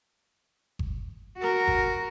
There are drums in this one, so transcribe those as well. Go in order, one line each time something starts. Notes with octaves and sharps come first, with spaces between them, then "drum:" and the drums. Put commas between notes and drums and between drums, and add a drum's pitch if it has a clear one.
drum: kick G1
F#4 A#4
drum: kick G1